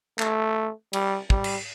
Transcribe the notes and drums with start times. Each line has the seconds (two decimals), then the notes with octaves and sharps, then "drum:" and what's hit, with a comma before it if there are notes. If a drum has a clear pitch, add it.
0.19 A3, drum: clap
0.93 G3, drum: cymbal
1.30 G3, drum: kick
1.44 drum: cymbal